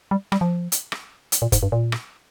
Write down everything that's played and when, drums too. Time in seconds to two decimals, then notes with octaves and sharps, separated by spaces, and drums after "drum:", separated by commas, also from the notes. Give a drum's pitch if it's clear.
0.11 G3
0.32 G3, drum: rim click
0.41 F3
0.72 drum: hi-hat
0.92 drum: rim click
1.32 drum: hi-hat
1.42 A#2
1.52 G#2, drum: kick F1, hi-hat
1.63 G2
1.72 A#2
1.92 drum: rim click